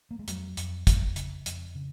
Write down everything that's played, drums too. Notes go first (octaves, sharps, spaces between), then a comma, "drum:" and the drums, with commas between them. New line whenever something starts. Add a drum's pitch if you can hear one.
A#3
G#3
F2 F#3, drum: hi-hat
F2, drum: hi-hat
F2, drum: kick, hi-hat
C#3, drum: hi-hat
F2, drum: hi-hat
C#3